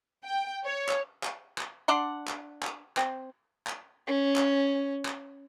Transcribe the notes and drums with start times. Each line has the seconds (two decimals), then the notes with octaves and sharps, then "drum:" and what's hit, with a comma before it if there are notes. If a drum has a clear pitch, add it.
0.24 G5
0.65 C#5
0.89 drum: clap
1.23 drum: clap
1.58 drum: clap
1.88 D4 D5 F#5 C6
2.28 drum: clap
2.62 drum: clap
2.97 C4, drum: clap
3.66 drum: clap
4.07 C#4
4.36 drum: clap
5.05 drum: clap